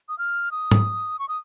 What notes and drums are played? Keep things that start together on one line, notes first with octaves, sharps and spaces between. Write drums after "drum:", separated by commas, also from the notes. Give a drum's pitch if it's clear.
D#6
F6
D#6
drum: tom G#2
C#6
D#6